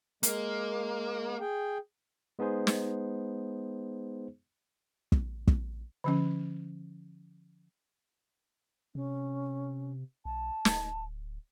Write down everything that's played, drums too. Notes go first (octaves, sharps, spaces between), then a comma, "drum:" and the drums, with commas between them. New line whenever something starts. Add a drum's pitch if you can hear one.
G#3 A#3, drum: hi-hat
G#4 G5
G#3 B3 D#4 G#4 C5
drum: snare
drum: kick
drum: kick
D3 F3 C#4
C3 C#4
B1 A5
D1, drum: snare